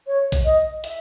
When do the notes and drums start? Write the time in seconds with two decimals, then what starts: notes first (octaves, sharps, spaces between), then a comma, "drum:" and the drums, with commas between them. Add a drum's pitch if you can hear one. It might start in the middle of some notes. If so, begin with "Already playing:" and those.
0.07 C#5
0.32 drum: kick A#1, hi-hat
0.45 D#5
0.84 E5, drum: hi-hat